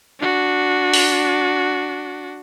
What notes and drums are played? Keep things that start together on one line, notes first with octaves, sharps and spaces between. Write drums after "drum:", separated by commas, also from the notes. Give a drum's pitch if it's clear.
D4 F#4
drum: open hi-hat